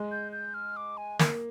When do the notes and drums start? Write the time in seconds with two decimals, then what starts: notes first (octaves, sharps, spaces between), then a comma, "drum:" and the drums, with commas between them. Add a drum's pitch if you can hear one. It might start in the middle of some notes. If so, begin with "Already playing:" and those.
Already playing: G#3
0.12 G6
0.32 G6
0.54 F6
0.77 D6
0.97 G#5
1.19 A#3, drum: snare